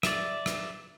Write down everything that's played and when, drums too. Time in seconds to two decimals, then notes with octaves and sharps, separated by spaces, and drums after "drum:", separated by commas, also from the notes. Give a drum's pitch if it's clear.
0.03 D5 E5, drum: rim click
0.46 drum: rim click